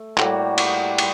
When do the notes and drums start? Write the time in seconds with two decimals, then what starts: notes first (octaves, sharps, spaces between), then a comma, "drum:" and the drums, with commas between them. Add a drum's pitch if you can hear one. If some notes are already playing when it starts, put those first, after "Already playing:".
Already playing: A3
0.18 A2 G3 A#3 F#4, drum: clap
0.58 G4, drum: cymbal
0.98 G3, drum: cymbal